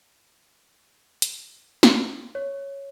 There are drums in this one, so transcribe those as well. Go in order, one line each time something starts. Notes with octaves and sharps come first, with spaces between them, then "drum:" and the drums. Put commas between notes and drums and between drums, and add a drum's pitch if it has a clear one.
drum: hi-hat
drum: snare
C#5